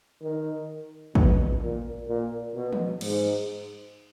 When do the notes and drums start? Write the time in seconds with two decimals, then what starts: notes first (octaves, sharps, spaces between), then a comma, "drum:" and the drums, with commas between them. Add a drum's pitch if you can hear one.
0.22 D#3
1.15 B2, drum: kick
1.62 A#2
2.08 A#2
2.55 B2
2.73 drum: tom
3.01 G#2, drum: cymbal